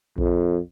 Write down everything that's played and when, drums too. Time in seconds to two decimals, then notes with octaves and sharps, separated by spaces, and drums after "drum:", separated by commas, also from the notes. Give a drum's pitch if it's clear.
0.18 F2, drum: kick A#1